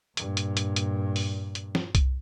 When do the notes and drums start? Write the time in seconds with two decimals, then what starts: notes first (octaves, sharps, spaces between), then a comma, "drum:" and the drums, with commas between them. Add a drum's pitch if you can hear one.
0.17 G2 A#2, drum: hi-hat
0.37 drum: hi-hat
0.57 drum: hi-hat
0.76 drum: hi-hat
1.16 drum: open hi-hat
1.55 drum: hi-hat
1.75 drum: snare
1.95 drum: kick C2, hi-hat